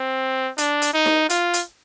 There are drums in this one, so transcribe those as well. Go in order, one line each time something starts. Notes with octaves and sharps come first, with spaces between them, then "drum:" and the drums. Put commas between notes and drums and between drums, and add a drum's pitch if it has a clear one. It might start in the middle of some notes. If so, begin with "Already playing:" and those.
Already playing: C4
D4, drum: hi-hat
drum: hi-hat
D#4
drum: snare D#4
F4, drum: hi-hat
drum: hi-hat